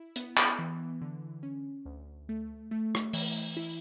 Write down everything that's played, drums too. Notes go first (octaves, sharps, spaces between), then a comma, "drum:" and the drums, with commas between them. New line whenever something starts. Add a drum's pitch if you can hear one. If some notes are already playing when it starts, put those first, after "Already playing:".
Already playing: E4
B3, drum: hi-hat
drum: clap
E3
D3
C#4
D2
A3
A3
drum: rim click
E3, drum: open hi-hat
E4